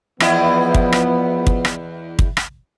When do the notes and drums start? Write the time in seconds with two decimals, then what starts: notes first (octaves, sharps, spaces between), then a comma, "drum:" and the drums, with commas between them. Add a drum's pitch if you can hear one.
0.20 E2 F3 B3 E4 D#5, drum: rim click
0.74 drum: kick
0.92 drum: rim click
1.47 drum: kick
1.65 drum: rim click
2.19 drum: kick
2.37 drum: rim click